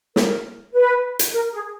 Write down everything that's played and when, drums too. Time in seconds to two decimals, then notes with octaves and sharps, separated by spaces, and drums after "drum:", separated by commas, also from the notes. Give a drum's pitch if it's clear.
0.16 A#4, drum: snare
0.74 B4
1.19 drum: hi-hat
1.32 A#4
1.51 G#4